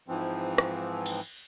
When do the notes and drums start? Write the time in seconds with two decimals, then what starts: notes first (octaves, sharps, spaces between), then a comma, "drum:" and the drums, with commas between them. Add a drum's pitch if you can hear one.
0.08 G#2 E3 F3 C4
0.58 drum: rim click
1.06 drum: cymbal